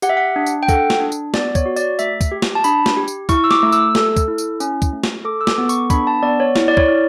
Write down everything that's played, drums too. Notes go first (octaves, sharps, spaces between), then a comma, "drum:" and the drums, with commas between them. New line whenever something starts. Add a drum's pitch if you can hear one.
G4 F#5, drum: tambourine
E5
F#5
D4
drum: tambourine
G5
A4 F#5, drum: kick, tambourine
drum: snare
D4
drum: tambourine
B3 D5, drum: snare
C#5, drum: kick, tambourine
F#4
D5, drum: tambourine
A3 E5, drum: tambourine
drum: kick, tambourine
G4
drum: snare
A5
D4 B5, drum: tambourine
drum: snare
G4
drum: tambourine
E4 C#6, drum: kick, tambourine
E6
D6, drum: snare
A3
E6, drum: tambourine
A4, drum: snare
drum: kick, tambourine
E4
drum: tambourine
C#4, drum: tambourine
drum: kick, tambourine
A3
drum: snare
A4 D6
E6
D6, drum: snare
B3
C#6, drum: tambourine
D4 B5, drum: kick, tambourine
A5
B3 D5
C#5
E4, drum: snare
D5
C#5, drum: kick
E4